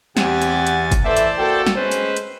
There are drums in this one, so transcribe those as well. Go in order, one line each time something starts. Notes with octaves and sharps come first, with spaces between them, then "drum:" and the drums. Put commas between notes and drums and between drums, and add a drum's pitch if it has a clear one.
E2 C4 G4 F#5 G#5 A6, drum: snare
drum: hi-hat
drum: hi-hat
drum: kick, hi-hat
E3 A3 C5 D5 E5 A5
drum: hi-hat
A#3 F#4 A4 G5
drum: snare
G#3 C#4 B4 C5
drum: hi-hat
drum: hi-hat